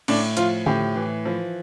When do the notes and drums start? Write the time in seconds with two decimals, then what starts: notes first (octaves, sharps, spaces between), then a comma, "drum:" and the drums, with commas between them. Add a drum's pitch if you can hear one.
0.08 A2 D4, drum: cymbal
0.37 F3 F4, drum: hi-hat
0.66 A2 G4, drum: tom D3
0.96 E3
1.25 F3